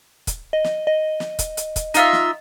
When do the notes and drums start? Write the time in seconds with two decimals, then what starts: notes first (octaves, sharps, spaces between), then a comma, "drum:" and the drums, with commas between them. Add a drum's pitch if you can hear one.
0.27 drum: kick, hi-hat
0.53 D#5
0.64 drum: snare
0.87 D#5
1.20 drum: snare
1.39 drum: kick, hi-hat
1.57 drum: hi-hat
1.76 drum: kick, hi-hat
1.94 D#4 F4 E5, drum: hi-hat
2.13 drum: snare